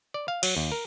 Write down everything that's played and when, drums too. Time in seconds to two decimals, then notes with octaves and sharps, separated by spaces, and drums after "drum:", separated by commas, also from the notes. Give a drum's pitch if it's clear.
0.14 D5
0.28 F5
0.43 F#3, drum: cymbal
0.57 D#2
0.72 A#4